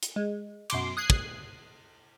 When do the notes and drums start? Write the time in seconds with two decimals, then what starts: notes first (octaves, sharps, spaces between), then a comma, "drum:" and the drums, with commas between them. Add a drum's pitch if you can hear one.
0.03 drum: hi-hat
0.16 G#3
0.70 F#2 B2 C6 D6, drum: cymbal
0.97 D#6 F#6 G#6 C7
1.10 drum: kick